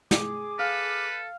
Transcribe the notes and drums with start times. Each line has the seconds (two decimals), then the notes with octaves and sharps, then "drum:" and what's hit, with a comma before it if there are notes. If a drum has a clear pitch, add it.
0.11 G#4 D6, drum: snare
0.59 A4 B4 F5